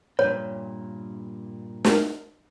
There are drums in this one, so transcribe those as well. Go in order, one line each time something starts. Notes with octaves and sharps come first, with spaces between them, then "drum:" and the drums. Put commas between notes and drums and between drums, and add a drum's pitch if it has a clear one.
G2 A#2 C#5
drum: snare